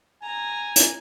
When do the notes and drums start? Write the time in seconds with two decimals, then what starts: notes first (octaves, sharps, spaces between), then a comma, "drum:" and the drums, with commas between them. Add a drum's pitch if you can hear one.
0.23 G#5 A#5
0.76 drum: hi-hat